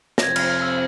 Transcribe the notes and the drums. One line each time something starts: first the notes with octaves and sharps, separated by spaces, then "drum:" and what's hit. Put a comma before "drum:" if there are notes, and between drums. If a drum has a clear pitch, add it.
A#6, drum: snare
F2 C3 F3 C4 G#6
F6, drum: cymbal
F6
E6